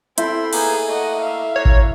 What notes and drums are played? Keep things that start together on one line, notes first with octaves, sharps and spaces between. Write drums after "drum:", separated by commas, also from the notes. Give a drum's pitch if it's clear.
C4 E4 A4 C5 B5 C6, drum: hi-hat
A#3 B3 D#4 G#4, drum: cymbal
A3 A#3 D#5 F#5
E5 F5
A#3 F#4 C#5
drum: kick G#1